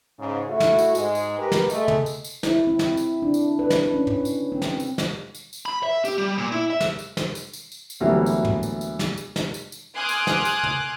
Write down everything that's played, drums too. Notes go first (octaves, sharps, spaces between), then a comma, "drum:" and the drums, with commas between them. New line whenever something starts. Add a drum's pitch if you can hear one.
G#2 C#3
A3 E4 F#4
drum: snare
drum: tambourine
G#2 G#3, drum: tambourine
drum: tambourine
G4 A#4 B4
drum: snare
G#3 A3, drum: tambourine
drum: tom
drum: tambourine
drum: tambourine
E4, drum: snare
C4
drum: snare
drum: tambourine
D4
drum: tambourine
B4
drum: snare
C#4
drum: tom
drum: tambourine
C4
drum: snare
drum: tambourine
drum: snare
drum: tambourine
drum: tambourine
B5
E5
G4, drum: tambourine
G3
A#2
E4
E5
drum: snare
drum: tambourine
drum: snare
drum: tambourine
drum: tambourine
drum: tambourine
drum: tambourine
D2 B2 E3 F#3 G3 A#3
drum: tambourine
drum: tom
drum: tambourine
drum: tambourine
drum: snare
drum: tambourine
drum: snare
drum: tambourine
drum: tambourine
G#5 C6 D6 D#6 F6 F#6
drum: tambourine
drum: snare
drum: tambourine
drum: tom